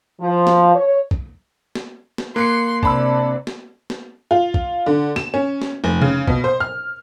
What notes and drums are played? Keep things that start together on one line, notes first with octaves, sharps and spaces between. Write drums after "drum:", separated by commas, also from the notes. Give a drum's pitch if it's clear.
F3
drum: snare
C#5
drum: kick
drum: snare
drum: snare
A#3 C6 F#6 C7 C#7
C3 D4 A5 B5 E6, drum: kick
drum: snare
drum: snare
F4
drum: kick
D3
E7, drum: snare
C#4
drum: snare
F1
C#3
B2, drum: kick
C5
F6